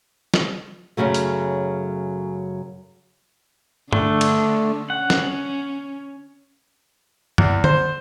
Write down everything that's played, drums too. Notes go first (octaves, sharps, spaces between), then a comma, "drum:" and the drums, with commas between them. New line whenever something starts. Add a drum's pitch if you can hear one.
drum: snare
F#2 A2 C#3 F#3 A3
drum: hi-hat
D3 A3 D4, drum: tom G2
drum: cymbal
C#4 F#5
drum: snare
E2, drum: tom F#2
C5, drum: tom